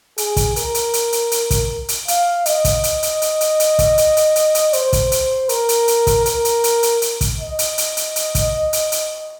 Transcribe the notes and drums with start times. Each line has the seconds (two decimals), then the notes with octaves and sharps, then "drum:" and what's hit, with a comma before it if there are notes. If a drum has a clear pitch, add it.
0.18 G#4, drum: hi-hat
0.36 drum: kick, hi-hat
0.56 A#4, drum: hi-hat
0.74 drum: hi-hat
0.93 drum: hi-hat
1.12 drum: hi-hat
1.31 drum: hi-hat
1.51 drum: kick, hi-hat
1.89 drum: hi-hat
2.08 F5, drum: hi-hat
2.46 D#5, drum: hi-hat
2.65 drum: kick, hi-hat
2.84 drum: hi-hat
3.03 drum: hi-hat
3.22 drum: hi-hat
3.41 drum: hi-hat
3.60 drum: hi-hat
3.79 drum: kick, hi-hat
3.98 drum: hi-hat
4.17 drum: hi-hat
4.36 drum: hi-hat
4.55 drum: hi-hat
4.73 C5, drum: hi-hat
4.93 drum: kick, hi-hat
5.12 drum: hi-hat
5.49 A#4, drum: hi-hat
5.69 drum: hi-hat
5.88 drum: hi-hat
6.07 drum: kick, hi-hat
6.26 A#4, drum: hi-hat
6.45 drum: hi-hat
6.64 drum: hi-hat
6.83 drum: hi-hat
7.02 drum: hi-hat
7.21 drum: kick, hi-hat
7.40 D#5
7.59 drum: hi-hat
7.78 drum: hi-hat
7.97 drum: hi-hat
8.16 drum: hi-hat
8.35 drum: kick, hi-hat
8.73 drum: hi-hat
8.92 drum: hi-hat